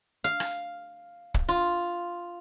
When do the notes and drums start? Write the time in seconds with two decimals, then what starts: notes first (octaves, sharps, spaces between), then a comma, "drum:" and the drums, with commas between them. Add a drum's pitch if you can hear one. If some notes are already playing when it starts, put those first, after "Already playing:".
0.24 F5
0.40 drum: rim click
1.34 drum: kick
1.49 F4